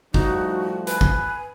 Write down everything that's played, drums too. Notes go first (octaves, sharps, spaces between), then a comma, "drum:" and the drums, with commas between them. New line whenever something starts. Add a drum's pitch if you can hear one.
A2 F3 G3 D#4 F#4, drum: kick
B4 G#5, drum: hi-hat
drum: kick